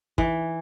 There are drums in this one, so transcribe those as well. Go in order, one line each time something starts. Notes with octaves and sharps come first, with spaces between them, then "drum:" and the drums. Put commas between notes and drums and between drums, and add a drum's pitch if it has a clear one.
E3, drum: kick